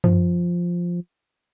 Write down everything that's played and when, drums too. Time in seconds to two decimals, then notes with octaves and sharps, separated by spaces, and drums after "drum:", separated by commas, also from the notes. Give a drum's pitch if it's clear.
0.04 F3, drum: tom F#2